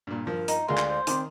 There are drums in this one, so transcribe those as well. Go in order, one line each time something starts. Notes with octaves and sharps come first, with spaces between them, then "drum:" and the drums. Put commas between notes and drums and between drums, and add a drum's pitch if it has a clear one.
G2 A#2
G2 F3 A#4
D#4, drum: hi-hat
D2 G#3 F4 A#4 D5 C6
drum: clap
C5
D#3 C4 D5 C6, drum: hi-hat